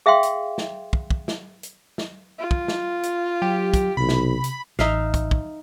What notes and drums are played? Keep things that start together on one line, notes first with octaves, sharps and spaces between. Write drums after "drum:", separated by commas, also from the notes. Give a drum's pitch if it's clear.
G#4 E5 F5 G5 C6
drum: hi-hat
drum: snare
drum: kick
drum: kick
drum: snare
drum: hi-hat
drum: snare
F4
drum: kick
drum: snare
drum: hi-hat
F#3 G4
drum: kick, hi-hat
B1 C3 B5
drum: snare
drum: hi-hat
A1 D#4 E5 F5, drum: snare
drum: kick, hi-hat
drum: kick